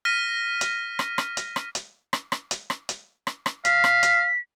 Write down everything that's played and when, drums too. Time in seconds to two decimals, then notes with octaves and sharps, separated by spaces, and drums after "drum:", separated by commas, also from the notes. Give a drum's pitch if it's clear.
0.05 F6 A#6 B6 D#7
0.61 drum: hi-hat
0.99 drum: rim click
1.18 drum: rim click
1.37 drum: hi-hat
1.56 drum: rim click
1.75 drum: hi-hat
2.13 drum: rim click
2.32 drum: rim click
2.51 drum: hi-hat
2.70 drum: rim click
2.89 drum: hi-hat
3.27 drum: rim click
3.46 drum: rim click
3.65 F5 B6, drum: hi-hat
3.84 drum: rim click
4.03 drum: hi-hat